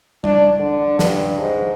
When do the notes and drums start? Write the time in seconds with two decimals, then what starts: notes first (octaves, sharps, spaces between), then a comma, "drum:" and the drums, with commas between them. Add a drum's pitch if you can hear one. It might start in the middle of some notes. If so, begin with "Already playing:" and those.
0.24 D4, drum: tom G3
0.59 D3
0.99 G2, drum: snare
1.39 G#2